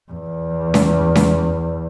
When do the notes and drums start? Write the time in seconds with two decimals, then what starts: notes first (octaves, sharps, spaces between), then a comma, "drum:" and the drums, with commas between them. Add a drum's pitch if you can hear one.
0.11 E2
0.74 drum: snare C#4
1.15 drum: snare C#4